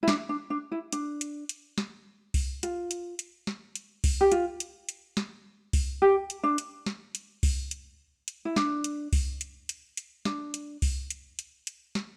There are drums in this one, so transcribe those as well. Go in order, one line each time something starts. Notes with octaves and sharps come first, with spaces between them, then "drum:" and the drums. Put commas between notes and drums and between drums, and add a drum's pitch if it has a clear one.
E4
D4, drum: snare
D4
D4
E4
D4, drum: hi-hat
drum: hi-hat
drum: hi-hat
drum: snare
drum: kick C2, open hi-hat
F4, drum: hi-hat
drum: hi-hat
drum: hi-hat
drum: snare
drum: hi-hat
drum: kick C2, open hi-hat
G4
F4, drum: hi-hat
drum: hi-hat
drum: hi-hat
drum: snare
drum: kick C2, open hi-hat
G4
drum: hi-hat
D4
drum: hi-hat
drum: snare
drum: hi-hat
drum: kick C2, open hi-hat
drum: hi-hat
drum: hi-hat
E4
D4, drum: snare
drum: hi-hat
drum: kick C2, open hi-hat
drum: hi-hat
drum: hi-hat
drum: hi-hat
D4, drum: snare
drum: hi-hat
drum: kick C2, open hi-hat
drum: hi-hat
drum: hi-hat
drum: hi-hat
drum: snare